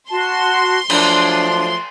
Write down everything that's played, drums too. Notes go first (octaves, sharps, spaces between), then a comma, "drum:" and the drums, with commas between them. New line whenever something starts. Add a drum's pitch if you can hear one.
F#4 A5 C6
F3 F#3 A3 D4, drum: cymbal